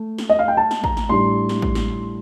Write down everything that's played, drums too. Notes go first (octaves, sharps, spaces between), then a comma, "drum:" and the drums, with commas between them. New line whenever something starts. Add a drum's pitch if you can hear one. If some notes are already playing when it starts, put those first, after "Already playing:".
Already playing: A3
drum: snare
D#5
F5
G5
A5
drum: snare
A#5, drum: kick
drum: snare
A2 G3 D4 C6
drum: snare
drum: kick
drum: snare